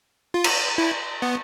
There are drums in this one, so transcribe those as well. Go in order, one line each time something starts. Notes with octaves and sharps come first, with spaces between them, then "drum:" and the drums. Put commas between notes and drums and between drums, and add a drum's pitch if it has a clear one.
F4
drum: cymbal
E4
B3